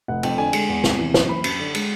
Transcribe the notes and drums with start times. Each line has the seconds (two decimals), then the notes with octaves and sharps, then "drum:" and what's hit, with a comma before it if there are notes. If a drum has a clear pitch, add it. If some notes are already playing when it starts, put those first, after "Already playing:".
0.08 F1 F#5
0.23 F2 G5, drum: cymbal
0.38 D3 G#5
0.53 G#3, drum: cymbal
0.69 E2
0.84 C3, drum: snare
0.99 E3
1.14 F#1, drum: snare
1.29 F#1 B5
1.44 F#2, drum: cymbal
1.59 D3
1.75 G#3, drum: cymbal